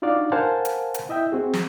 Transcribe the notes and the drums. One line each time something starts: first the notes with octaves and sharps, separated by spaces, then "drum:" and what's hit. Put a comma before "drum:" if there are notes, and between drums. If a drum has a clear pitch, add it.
D4 D#4 F4 F#4 D5 F5
A#4 C5 F5 F#5 G#5 A5
drum: hi-hat
drum: hi-hat
E4 D#5 E5 G5
C4 F#4 G#4
drum: snare